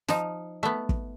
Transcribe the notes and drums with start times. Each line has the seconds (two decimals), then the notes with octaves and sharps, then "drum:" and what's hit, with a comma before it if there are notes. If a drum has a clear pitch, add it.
0.08 F3 D#4, drum: snare
0.63 A3 B3
0.89 drum: kick